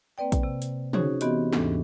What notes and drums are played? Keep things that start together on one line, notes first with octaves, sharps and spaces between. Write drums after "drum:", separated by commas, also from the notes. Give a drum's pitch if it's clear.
A#3 C4 B4 D5 G5
drum: kick A#1, hi-hat
C3
drum: hi-hat
C#4 D#4 F#4 G#4 C5 C#5, drum: tom
E3 B3 C4 F#4 G4 D#5, drum: hi-hat
D#2 G#2 E3 C#4 D4 A4, drum: snare